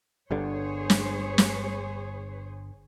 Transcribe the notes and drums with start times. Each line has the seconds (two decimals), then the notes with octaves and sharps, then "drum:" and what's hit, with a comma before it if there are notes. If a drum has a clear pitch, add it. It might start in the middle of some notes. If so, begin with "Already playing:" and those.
0.31 G1 G2 D3 G#4 C5 C#5
0.90 drum: snare
1.38 drum: snare